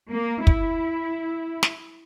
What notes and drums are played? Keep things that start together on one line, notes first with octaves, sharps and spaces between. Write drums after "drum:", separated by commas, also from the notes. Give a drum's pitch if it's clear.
A#3
E4, drum: kick
drum: snare